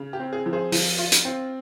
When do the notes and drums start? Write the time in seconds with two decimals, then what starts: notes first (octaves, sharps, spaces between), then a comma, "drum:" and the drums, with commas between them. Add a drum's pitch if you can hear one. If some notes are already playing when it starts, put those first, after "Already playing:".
Already playing: C#3
0.13 G4
0.20 C4
0.33 G#4
0.46 F3
0.53 G#4 C5
0.72 F3, drum: open hi-hat
0.99 F4
1.12 drum: hi-hat
1.25 C4